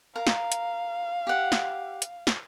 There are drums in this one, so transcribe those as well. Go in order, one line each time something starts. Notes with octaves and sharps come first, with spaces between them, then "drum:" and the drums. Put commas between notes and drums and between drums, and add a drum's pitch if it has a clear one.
A#4 F5
drum: snare
drum: hi-hat
G4 F#5
drum: snare
drum: hi-hat
drum: snare